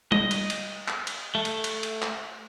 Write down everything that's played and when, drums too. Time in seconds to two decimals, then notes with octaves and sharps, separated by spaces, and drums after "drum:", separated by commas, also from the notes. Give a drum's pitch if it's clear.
0.12 D#5, drum: tom G3
0.31 drum: cymbal
0.50 drum: cymbal
0.88 drum: clap
1.07 drum: cymbal
1.35 A3
1.45 drum: cymbal
1.64 drum: cymbal
1.83 drum: cymbal
2.02 drum: clap